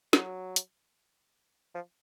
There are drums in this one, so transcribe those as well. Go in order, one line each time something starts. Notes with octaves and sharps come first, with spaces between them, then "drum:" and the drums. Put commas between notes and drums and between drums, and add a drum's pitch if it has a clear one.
F#3, drum: snare
drum: hi-hat
F3